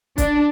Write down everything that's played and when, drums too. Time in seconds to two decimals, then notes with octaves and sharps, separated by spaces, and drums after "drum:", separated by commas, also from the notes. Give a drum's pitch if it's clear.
0.18 D4, drum: kick, hi-hat